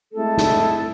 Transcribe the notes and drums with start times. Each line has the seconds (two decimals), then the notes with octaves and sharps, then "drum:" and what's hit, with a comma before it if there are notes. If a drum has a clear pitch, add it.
0.13 G#3 A3 C4 E4 G#4 A4
0.38 drum: snare